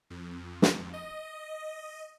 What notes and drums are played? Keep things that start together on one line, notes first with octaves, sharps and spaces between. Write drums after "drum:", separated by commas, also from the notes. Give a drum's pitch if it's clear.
F2
drum: snare
D#5